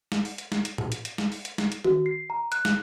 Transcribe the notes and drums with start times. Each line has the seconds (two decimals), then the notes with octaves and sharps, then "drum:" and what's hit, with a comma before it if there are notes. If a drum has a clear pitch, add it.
0.12 drum: snare
0.25 drum: open hi-hat
0.38 drum: hi-hat
0.52 drum: snare
0.65 drum: hi-hat
0.78 drum: tom A2
0.92 drum: hi-hat
1.05 drum: hi-hat
1.18 drum: snare
1.32 drum: open hi-hat
1.45 drum: hi-hat
1.58 drum: snare
1.72 drum: hi-hat
1.84 F#4, drum: tom D#3
2.06 C7
2.30 A#5
2.52 F#6, drum: hi-hat
2.65 drum: snare